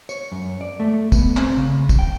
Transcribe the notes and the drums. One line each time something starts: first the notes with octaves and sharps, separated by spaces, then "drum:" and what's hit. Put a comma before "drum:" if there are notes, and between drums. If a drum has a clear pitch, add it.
C#5, drum: tambourine
F#2
D5
A3
B3, drum: kick, tambourine
C4, drum: clap
C#3
drum: kick, tambourine
G5